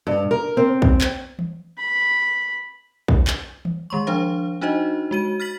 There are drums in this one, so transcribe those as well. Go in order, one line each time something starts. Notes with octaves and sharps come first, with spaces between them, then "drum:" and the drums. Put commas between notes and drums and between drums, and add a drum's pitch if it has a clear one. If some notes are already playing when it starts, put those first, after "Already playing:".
G2
A#4
C4
drum: kick
drum: clap
drum: tom E3
B5
drum: kick
drum: clap
drum: tom E3
D#3 G#3 C6 C#6
F3 D4 C5 F5
D4 D#4 F#4 C5 D#5
G#3 F#4 D#7
F6 A6 B6 F#7